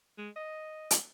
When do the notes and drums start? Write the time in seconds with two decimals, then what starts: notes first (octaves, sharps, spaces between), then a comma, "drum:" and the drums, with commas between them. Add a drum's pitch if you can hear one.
0.18 G#3
0.36 D#5
0.91 drum: hi-hat